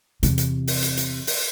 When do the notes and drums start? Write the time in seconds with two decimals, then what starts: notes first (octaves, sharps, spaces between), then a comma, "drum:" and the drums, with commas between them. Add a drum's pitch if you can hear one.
0.23 E2 C3, drum: hi-hat
0.38 drum: hi-hat
0.68 drum: open hi-hat
0.82 drum: hi-hat
0.97 drum: hi-hat
1.27 drum: open hi-hat